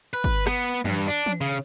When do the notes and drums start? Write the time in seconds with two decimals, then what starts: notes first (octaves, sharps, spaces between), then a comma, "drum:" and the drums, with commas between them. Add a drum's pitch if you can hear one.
0.14 B4
0.24 drum: kick
0.47 B3, drum: rim click
0.85 G2, drum: tom
1.08 D4
1.26 drum: tom
1.41 C#3